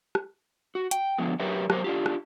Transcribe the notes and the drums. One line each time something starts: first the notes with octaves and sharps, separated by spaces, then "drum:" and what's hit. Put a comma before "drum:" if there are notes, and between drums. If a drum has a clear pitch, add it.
drum: rim click
F#4
G5, drum: hi-hat
D3 F3 G#3 B3
F#3 G4 A#4 B4 C#5 E5
F#3 A#4 C5, drum: rim click
D4 F4 G4
drum: rim click